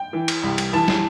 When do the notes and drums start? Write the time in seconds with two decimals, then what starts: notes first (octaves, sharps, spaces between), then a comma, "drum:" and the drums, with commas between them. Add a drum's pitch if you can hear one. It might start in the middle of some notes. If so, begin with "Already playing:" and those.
Already playing: G5
0.13 E3
0.28 drum: cymbal
0.43 C2
0.58 drum: cymbal
0.73 E3 A5
0.88 drum: snare